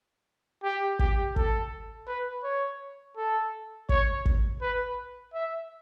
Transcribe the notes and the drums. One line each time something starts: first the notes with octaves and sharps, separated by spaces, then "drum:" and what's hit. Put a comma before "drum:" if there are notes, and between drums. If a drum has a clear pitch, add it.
G4
G4, drum: kick
A4, drum: kick
B4
C#5
A4
C#5, drum: kick
drum: kick
B4
E5